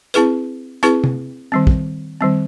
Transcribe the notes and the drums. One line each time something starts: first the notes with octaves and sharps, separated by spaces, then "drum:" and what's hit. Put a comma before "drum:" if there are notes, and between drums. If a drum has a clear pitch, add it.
C4 E4 G#4 B4, drum: hi-hat
C4 E4 G#4 B4, drum: hi-hat
drum: tom
D#3 G3 C4
drum: kick
D#3 G3 C4